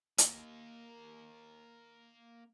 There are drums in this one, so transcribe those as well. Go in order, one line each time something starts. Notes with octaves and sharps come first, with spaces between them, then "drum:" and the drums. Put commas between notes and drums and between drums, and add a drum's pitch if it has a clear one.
A#3 D#5, drum: hi-hat